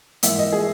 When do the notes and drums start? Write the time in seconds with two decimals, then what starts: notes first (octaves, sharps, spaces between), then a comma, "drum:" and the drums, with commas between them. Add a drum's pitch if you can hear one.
0.23 G#2 E3 A#3 E5, drum: hi-hat
0.39 D#5
0.52 G#4